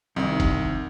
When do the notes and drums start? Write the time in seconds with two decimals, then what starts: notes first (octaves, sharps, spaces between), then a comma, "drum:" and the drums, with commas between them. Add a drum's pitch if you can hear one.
0.16 C2 F2 D#3
0.40 drum: kick, hi-hat